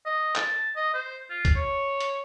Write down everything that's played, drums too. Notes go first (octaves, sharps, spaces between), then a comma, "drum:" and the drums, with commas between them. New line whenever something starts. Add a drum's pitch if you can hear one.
D#5
A5, drum: clap
D#5
C5
F4
drum: kick, hi-hat
C#5
drum: hi-hat